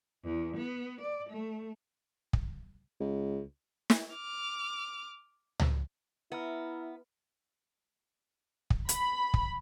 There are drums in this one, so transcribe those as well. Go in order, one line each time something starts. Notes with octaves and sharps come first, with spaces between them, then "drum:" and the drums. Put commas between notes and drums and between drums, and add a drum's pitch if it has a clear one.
E2
B3
D5
A3
drum: kick
C#2
drum: snare
D6 F6
drum: tom C#2
B3 E4 E5 A#5 F6
drum: kick
B5, drum: hi-hat
drum: kick